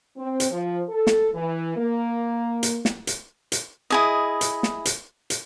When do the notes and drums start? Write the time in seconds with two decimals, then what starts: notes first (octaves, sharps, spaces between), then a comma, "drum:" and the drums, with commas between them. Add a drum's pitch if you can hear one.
0.18 C4
0.40 drum: hi-hat
0.51 F3
0.89 A4
1.07 drum: snare
1.34 E3
1.77 A#3
2.63 drum: hi-hat
2.85 drum: snare
3.07 drum: hi-hat
3.52 drum: hi-hat
3.90 E4 G#4 D#5
4.41 drum: hi-hat
4.63 drum: snare
4.85 drum: hi-hat
5.30 drum: hi-hat